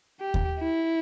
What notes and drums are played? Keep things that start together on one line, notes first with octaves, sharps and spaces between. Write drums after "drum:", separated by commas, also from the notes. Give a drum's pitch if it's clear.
G4
drum: kick D#2
E4